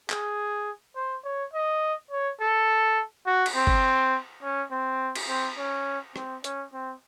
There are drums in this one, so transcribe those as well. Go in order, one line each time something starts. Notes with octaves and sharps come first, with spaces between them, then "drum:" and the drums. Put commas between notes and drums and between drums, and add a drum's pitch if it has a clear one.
G#4, drum: clap
C5
C#5
D#5
C#5
A4
F#4
drum: cymbal
C4
drum: kick
C#4
C4
drum: cymbal
C4
C#4
C4, drum: rim click
C#4, drum: hi-hat
C4